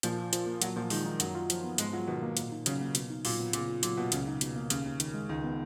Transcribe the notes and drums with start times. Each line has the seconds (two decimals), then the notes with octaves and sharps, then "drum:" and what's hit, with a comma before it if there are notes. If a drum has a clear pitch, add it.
0.03 A#2 F3, drum: hi-hat
0.18 F4
0.33 F3, drum: hi-hat
0.46 A#3
0.62 A#2 F#3, drum: hi-hat
0.76 A#2 F3
0.90 D#3 G#3, drum: open hi-hat
1.06 D#4
1.20 F#2 F#3, drum: hi-hat
1.35 F4
1.50 F3, drum: hi-hat
1.64 B3
1.78 G#2 G#3, drum: hi-hat
1.93 F#3 F4
2.07 B2 D#3
2.22 A#3
2.37 A#2, drum: hi-hat
2.52 D#4
2.66 C#3 F#3, drum: hi-hat
2.81 A#3
2.95 B2, drum: hi-hat
3.10 D#4
3.25 A#2 F#3, drum: open hi-hat
3.39 B3
3.53 A#2 C#3, drum: hi-hat
3.68 F4
3.83 A#2 F#3, drum: hi-hat
3.97 B2 A#3
4.12 C#2 C#3, drum: hi-hat
4.27 D#4
4.41 B2, drum: hi-hat
4.56 A#3
4.70 D#2 C#3, drum: hi-hat
4.86 D#2
5.00 D#3, drum: hi-hat
5.14 G#3
5.29 C#2 D#3
5.44 B3